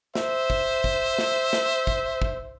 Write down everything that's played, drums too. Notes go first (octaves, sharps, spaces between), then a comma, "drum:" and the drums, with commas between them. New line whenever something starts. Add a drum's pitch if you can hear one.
C5 E5, drum: snare
drum: kick
drum: kick
drum: snare
drum: snare
drum: kick
drum: kick